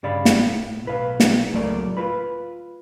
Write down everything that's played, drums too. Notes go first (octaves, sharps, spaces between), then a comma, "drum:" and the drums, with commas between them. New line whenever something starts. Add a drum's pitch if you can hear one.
G2 C#3 D5 F5 B5
drum: snare
A2
B1 B4 F5
drum: snare
C#2 A2 F#3 A3 A#3 D5
F4 B4 B5